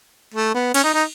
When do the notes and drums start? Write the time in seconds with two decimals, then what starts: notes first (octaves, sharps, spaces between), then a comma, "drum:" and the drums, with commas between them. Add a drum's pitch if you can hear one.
0.34 A3
0.54 B3
0.74 C#4, drum: cymbal
0.84 D#4
0.94 D#4